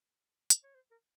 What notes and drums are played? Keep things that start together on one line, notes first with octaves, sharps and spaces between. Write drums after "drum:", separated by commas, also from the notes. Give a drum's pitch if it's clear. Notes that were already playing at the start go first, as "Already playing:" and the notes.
drum: hi-hat
C#5
C5
A#4